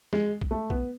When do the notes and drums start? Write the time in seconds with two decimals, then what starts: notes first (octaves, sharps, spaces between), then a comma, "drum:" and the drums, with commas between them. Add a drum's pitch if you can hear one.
0.13 G#3, drum: snare
0.41 drum: kick
0.51 A3
0.70 B3, drum: kick